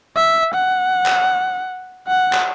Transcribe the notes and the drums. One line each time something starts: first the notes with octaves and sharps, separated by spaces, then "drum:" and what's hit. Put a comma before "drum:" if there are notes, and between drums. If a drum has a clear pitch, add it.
E5
F#5
drum: clap
F#5
drum: clap